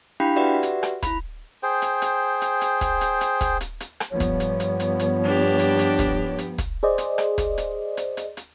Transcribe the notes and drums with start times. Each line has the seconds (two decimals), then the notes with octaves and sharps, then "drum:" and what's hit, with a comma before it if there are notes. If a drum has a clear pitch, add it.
0.20 D4 E4 G4 F5 G5 B5
0.36 F#4 G4 B4 D5 E5 F#5
0.63 drum: hi-hat
0.83 drum: rim click
1.03 E4 B5, drum: kick, hi-hat
1.63 G#4 C5 G5
1.82 drum: hi-hat
2.02 drum: hi-hat
2.41 drum: hi-hat
2.61 drum: hi-hat
2.81 drum: kick, hi-hat
3.01 drum: hi-hat
3.21 drum: hi-hat
3.41 drum: kick, hi-hat
3.61 drum: hi-hat
3.80 drum: hi-hat
4.00 drum: rim click
4.11 G2 F3 B3 C#5
4.20 drum: kick, hi-hat
4.40 drum: hi-hat
4.60 drum: hi-hat
4.80 drum: hi-hat
5.00 drum: hi-hat
5.24 D4 G4
5.59 drum: hi-hat
5.79 drum: hi-hat
5.99 drum: kick, hi-hat
6.38 drum: hi-hat
6.58 drum: kick, hi-hat
6.83 G#4 C5 D5 D#5
6.98 drum: hi-hat
7.18 drum: rim click
7.38 drum: kick, hi-hat
7.58 drum: hi-hat
7.97 drum: hi-hat
8.17 drum: hi-hat
8.37 drum: hi-hat